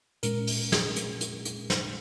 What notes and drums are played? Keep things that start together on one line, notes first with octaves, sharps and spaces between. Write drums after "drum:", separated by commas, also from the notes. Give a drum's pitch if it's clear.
A#2 G#3 C#4 A#4, drum: hi-hat
drum: open hi-hat
G#4, drum: snare
drum: hi-hat
drum: hi-hat
drum: hi-hat
drum: snare